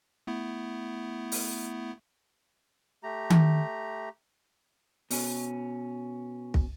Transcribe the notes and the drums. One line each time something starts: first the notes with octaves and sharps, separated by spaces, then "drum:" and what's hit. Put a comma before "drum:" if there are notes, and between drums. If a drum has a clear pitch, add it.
A3 B3 E4
drum: open hi-hat
A3 G4 A#5
drum: tom D#3
B2 C#4, drum: open hi-hat
drum: kick